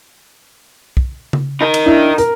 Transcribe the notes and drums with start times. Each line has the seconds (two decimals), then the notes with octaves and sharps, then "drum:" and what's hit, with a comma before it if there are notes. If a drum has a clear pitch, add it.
0.97 drum: kick
1.33 drum: tom C#3
1.61 D#4 A#4
1.74 drum: cymbal
1.86 D4 E4
2.18 A#4, drum: hi-hat